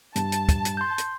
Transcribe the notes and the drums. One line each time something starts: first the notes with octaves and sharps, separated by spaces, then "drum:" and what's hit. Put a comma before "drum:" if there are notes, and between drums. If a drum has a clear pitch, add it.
G2 A5, drum: hi-hat
drum: hi-hat
drum: kick, hi-hat
drum: hi-hat
C6 G6
drum: hi-hat